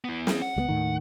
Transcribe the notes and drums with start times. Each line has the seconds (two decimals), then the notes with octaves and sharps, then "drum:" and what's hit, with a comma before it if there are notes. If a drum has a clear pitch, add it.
0.04 B3 E4
0.27 drum: snare
0.42 F#5
0.56 C#2 G3 B3
0.69 D#2 A2 D#3